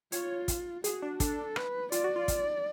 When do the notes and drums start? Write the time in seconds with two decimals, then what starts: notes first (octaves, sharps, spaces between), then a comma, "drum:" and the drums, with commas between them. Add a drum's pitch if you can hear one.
0.12 F4 C#5, drum: hi-hat
0.48 drum: kick, hi-hat
0.84 F#4 G#4, drum: hi-hat
1.02 D4
1.20 D4 A4, drum: kick, hi-hat
1.56 B4, drum: rim click
1.92 F4 D5, drum: hi-hat
2.04 F#4
2.16 F4
2.28 drum: kick, hi-hat